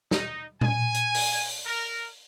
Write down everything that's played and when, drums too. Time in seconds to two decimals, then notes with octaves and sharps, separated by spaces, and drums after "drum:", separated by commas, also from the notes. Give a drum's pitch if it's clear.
0.11 D#4, drum: snare
0.61 G#5, drum: tom A#2
0.94 drum: hi-hat
1.14 drum: open hi-hat
1.66 A#4